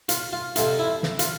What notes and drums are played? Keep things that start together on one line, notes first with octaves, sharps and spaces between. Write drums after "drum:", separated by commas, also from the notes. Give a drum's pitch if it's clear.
F4, drum: hi-hat
F4
F2 C3 F3 F4, drum: hi-hat
E4
drum: snare
F4, drum: hi-hat